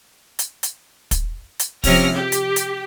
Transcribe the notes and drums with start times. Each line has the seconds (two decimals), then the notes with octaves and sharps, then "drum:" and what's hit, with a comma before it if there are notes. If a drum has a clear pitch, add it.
0.39 drum: hi-hat
0.63 drum: hi-hat
1.11 drum: kick, hi-hat
1.59 drum: hi-hat
1.84 C3 F3 C#4 F6 A#6, drum: kick, open hi-hat
2.15 G4
2.32 drum: hi-hat
2.56 drum: hi-hat